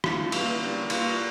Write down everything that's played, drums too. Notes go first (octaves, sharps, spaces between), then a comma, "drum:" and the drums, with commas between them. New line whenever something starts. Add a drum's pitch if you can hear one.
E3 G3 D4 F4, drum: rim click
G3 A#3 C#4 G4, drum: cymbal
G3 D4 G4 A#4
A#3 D4 F4 A#4, drum: cymbal